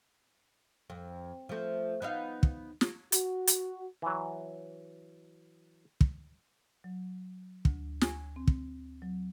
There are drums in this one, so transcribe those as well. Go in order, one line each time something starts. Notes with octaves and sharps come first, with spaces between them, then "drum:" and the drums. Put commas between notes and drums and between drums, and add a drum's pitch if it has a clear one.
F2
F3 A3
B3 D#4 F5
drum: kick
drum: snare
F#4, drum: hi-hat
drum: hi-hat
E3 F#3
drum: kick
F#3
D2, drum: kick
G#5, drum: snare
C4
drum: kick
F#3